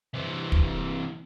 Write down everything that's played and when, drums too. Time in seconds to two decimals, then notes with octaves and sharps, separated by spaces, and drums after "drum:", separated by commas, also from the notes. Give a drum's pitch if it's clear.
0.14 C3 E3
0.52 drum: kick